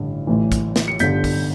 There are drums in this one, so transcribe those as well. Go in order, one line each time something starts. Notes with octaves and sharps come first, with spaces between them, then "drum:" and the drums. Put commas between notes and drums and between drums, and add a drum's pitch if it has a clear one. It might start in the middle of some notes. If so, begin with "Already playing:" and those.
Already playing: A1 G2 D3
A1 A2 E3
drum: kick, hi-hat
drum: snare
C#7
G1 G2 D3 G6 B6, drum: hi-hat
drum: kick, open hi-hat